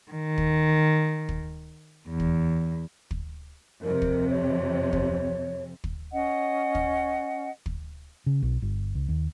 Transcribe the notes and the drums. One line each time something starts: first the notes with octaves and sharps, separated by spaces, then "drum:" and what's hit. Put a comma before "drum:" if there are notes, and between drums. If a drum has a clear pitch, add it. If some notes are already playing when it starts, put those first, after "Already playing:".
D#3
drum: kick
drum: kick
E2
drum: kick
drum: kick
F2 C3 A#4
drum: kick
C#5
drum: kick
drum: kick
C#4 D#5 F#5
drum: kick
drum: kick
C#3
B1
G1
C#2
D#2